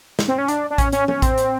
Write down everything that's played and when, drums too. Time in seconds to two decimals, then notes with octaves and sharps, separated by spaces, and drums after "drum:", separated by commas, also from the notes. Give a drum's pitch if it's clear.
0.19 drum: snare
0.28 C4
0.38 C#4
0.48 D4, drum: hi-hat
0.70 D4
0.78 C#4, drum: kick A1, hi-hat
0.93 C#4, drum: hi-hat
1.08 C#4, drum: tom F3
1.22 C4, drum: kick A1, hi-hat
1.38 drum: hi-hat